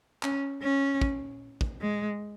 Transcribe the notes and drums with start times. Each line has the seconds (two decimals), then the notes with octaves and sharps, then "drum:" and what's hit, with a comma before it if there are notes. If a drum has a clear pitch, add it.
0.23 C#4, drum: clap
0.61 C#4
1.01 drum: kick
1.61 drum: kick
1.81 G#3